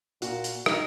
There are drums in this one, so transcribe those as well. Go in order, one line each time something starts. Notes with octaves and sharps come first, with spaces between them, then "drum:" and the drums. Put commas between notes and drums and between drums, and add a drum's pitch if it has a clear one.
A#2 F#4, drum: hi-hat
drum: hi-hat
D#4, drum: rim click